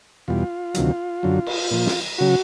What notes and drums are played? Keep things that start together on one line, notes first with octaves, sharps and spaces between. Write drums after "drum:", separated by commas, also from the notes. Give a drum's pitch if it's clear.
E2 B2 G3 F4
D2 C3 D#3 F#3, drum: hi-hat
F#2 D3 F#3
drum: cymbal
A#2 F3
drum: snare
C#3 F#3 F#4